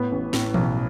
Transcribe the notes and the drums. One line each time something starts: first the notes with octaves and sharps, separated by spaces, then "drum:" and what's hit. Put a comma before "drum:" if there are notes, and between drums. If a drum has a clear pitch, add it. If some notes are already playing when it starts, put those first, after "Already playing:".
Already playing: A2 B3
A1
A2, drum: snare
B1, drum: tom E3